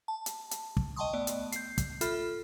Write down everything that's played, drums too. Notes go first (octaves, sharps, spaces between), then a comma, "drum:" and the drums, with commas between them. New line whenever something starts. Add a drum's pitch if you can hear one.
A5
drum: hi-hat
drum: hi-hat
drum: kick
D#5 G5 A5 C6 C#6 D#6
A3 B3 D5
drum: hi-hat
G6 C7, drum: hi-hat
drum: kick, hi-hat
F4 A4 E5 B5 F6, drum: hi-hat